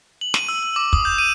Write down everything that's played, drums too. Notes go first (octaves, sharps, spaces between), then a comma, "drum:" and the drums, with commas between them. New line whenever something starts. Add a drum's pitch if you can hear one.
F#7
D#7, drum: snare
E6
E6
D6
D#6, drum: kick
G6
D#7